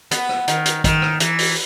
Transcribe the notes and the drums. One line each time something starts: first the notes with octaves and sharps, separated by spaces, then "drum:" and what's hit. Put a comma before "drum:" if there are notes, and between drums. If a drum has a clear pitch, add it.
B3, drum: hi-hat
drum: rim click
D#3, drum: hi-hat
drum: hi-hat
D#3, drum: kick, hi-hat
drum: rim click
E3, drum: hi-hat
drum: open hi-hat